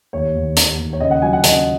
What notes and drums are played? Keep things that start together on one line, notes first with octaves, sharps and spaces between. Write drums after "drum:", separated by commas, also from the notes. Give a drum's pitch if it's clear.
D#2 C#5
D#2
D#2, drum: hi-hat
D#2
C#5
C#3 D#5
F#5
F#3 G#5
F#5
C#3 D#5, drum: hi-hat